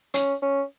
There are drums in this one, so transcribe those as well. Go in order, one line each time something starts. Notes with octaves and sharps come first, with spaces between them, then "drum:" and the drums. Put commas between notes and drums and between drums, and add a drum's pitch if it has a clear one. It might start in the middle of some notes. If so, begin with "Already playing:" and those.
C#4, drum: hi-hat
C#4